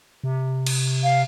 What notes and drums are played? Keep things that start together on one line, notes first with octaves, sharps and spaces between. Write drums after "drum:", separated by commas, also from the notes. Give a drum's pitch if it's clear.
C3
drum: cymbal
F5